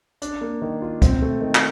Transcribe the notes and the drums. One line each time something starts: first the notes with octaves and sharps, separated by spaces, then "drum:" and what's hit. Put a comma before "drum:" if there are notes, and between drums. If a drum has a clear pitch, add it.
D4, drum: hi-hat
A#3
D#3
F4
C4, drum: kick, hi-hat
A3
D#3
drum: clap